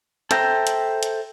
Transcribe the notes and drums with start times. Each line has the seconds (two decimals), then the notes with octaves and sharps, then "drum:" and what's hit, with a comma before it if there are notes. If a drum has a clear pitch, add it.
0.31 A4 C5 E5 G5 A#5, drum: hi-hat
0.67 drum: hi-hat
1.03 drum: hi-hat